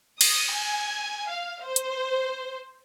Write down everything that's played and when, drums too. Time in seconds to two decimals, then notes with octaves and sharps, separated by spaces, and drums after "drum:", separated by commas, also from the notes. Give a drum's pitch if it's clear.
0.21 D#6, drum: cymbal
0.53 G#5
1.29 F5
1.64 C5
1.76 drum: hi-hat